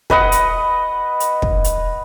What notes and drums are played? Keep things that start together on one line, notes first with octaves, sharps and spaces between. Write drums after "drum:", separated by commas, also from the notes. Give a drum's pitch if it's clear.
B4 D#5 F#5, drum: kick
drum: hi-hat
drum: hi-hat
drum: kick
drum: hi-hat